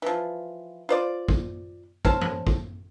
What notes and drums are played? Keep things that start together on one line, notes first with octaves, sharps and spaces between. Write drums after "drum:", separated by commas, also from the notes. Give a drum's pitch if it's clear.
E3 F3
F4 C5 D5
drum: kick
C#4 C5 A5, drum: kick
drum: tom G2
drum: kick